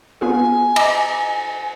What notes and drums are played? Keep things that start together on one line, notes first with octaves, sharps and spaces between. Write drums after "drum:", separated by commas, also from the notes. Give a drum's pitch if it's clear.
B3 F4 G#4 G#5
D#5 A#5 D6, drum: cymbal